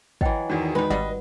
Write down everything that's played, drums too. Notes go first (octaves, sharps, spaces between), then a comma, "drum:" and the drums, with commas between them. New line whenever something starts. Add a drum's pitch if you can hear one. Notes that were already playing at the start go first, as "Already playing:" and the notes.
E3 F#3 D#5 G5, drum: kick
E2 D#3 F#4 D5
G#3 D#4 B4
G#1 G3 D#5 F#5 C6